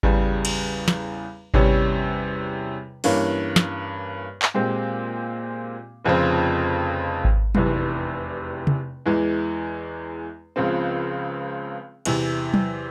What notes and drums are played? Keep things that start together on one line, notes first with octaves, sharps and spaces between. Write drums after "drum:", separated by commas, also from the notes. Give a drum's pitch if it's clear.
E2 C#3 G3, drum: kick G#1
drum: cymbal
drum: snare
E2 C3 G3 C#4, drum: kick G#1
G2 E3 A#3 C#4, drum: open hi-hat
drum: snare
drum: clap
A#2 G#3 C4 G4
F1 F2 C#3 F3 C4
drum: kick G#1
F1 E2 C3 E3, drum: tom F#3
drum: tom C3
E2 E3 G#3
C#2 C#3 F3 C4
E2 C3 E3, drum: cymbal
drum: tom F#3